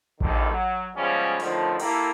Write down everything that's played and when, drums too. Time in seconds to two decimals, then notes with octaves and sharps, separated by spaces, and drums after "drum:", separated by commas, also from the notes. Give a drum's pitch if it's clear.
0.21 A#1 D3 D#3, drum: kick A1
0.50 F#3
0.96 C#3 F3 G3 G#3 B3 C#4
1.40 A2 D3 D#3 F3, drum: open hi-hat
1.80 A#3 E4 G4 A4 A#4, drum: cymbal